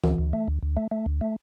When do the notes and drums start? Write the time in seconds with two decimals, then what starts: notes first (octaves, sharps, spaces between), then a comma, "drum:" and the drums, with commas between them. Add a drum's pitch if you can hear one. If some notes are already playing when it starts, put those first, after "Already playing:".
0.04 D2, drum: tom E3
0.18 D2
0.33 A3
0.48 D2
0.63 D2
0.77 A3
0.91 A3
1.06 D2
1.21 A3